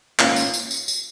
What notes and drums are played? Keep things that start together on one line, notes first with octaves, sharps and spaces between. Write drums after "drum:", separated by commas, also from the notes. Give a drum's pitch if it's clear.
G#2 D#3 A#3 C#4 F4, drum: clap
drum: tambourine
drum: tambourine
drum: tambourine
drum: tambourine